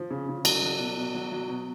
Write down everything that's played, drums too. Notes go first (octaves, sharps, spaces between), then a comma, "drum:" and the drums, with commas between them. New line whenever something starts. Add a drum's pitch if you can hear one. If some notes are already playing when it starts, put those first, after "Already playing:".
Already playing: F3
C#3
C#3
F#3, drum: cymbal
F#3
B2
B2
F#3
F#3
B2